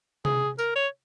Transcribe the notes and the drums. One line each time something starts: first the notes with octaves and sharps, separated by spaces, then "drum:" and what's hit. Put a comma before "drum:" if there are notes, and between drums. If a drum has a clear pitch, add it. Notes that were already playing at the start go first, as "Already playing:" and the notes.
G#4, drum: tom C3
A#4, drum: tambourine
C#5